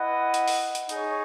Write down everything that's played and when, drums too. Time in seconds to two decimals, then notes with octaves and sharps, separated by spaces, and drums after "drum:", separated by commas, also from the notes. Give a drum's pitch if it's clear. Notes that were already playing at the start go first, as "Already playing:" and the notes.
Already playing: E4 B4 D#5 F#5
0.34 drum: hi-hat
0.48 drum: open hi-hat
0.75 drum: hi-hat
0.89 D#4 G#4 C#5, drum: hi-hat